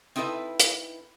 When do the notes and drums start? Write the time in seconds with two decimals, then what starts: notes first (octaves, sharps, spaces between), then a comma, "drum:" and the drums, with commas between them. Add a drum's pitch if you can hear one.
0.16 C4 D#4 E4 A4 B4 E5
0.60 drum: hi-hat